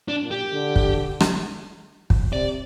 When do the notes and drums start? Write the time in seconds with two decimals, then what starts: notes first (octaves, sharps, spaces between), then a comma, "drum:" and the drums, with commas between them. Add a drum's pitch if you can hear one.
0.08 D4
0.23 A#2
0.31 G4
0.53 D3
0.76 drum: kick
1.20 drum: rim click
2.10 drum: kick
2.32 C3 D5